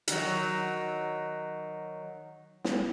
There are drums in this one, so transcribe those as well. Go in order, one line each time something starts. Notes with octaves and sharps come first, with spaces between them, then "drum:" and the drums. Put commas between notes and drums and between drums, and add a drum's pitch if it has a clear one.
D#3 F#3, drum: hi-hat
drum: snare